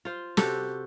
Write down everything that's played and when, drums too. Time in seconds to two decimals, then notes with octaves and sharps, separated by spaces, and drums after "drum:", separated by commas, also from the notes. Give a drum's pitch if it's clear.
0.05 F4 C5
0.37 C3 F#4 G4 A4, drum: snare